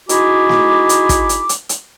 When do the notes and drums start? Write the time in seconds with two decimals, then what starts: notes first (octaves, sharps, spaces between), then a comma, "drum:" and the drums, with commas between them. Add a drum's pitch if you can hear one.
0.09 D#4 E4 F#4 G#4 B5 D6, drum: hi-hat
0.49 drum: snare
0.89 drum: hi-hat
1.09 drum: kick, hi-hat
1.29 drum: hi-hat
1.49 drum: hi-hat
1.69 drum: hi-hat